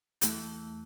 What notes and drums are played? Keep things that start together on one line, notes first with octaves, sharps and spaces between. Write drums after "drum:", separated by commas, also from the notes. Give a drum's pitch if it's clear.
E2 A3, drum: hi-hat